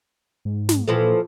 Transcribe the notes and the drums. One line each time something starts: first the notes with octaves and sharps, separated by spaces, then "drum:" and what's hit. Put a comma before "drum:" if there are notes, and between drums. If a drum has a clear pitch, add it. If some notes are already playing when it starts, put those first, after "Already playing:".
G#2
drum: snare
A#2 E3 F3 A4